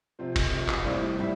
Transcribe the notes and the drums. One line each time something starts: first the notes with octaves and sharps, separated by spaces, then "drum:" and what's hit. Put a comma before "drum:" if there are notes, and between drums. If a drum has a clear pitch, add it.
C3 F3 C4 C5
drum: kick F1, cymbal
C3 F3 C4
drum: clap
A2 G3 C4 D5
A2 G3 E5